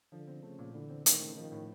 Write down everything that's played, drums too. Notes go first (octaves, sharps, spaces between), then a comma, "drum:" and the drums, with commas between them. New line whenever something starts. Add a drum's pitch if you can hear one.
D3 F3
C4
C#3 A3
A#2
D3 E3
C4
D#3 A3, drum: hi-hat
C#3
D#3 F3
A2